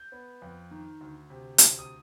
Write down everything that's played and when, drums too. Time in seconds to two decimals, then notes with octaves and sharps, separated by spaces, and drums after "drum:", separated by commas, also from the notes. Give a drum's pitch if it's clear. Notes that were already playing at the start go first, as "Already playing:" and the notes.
Already playing: G6
0.12 B3
0.42 F2
0.71 D#3
1.01 D2
1.30 C3
1.58 D2, drum: hi-hat
1.79 D#6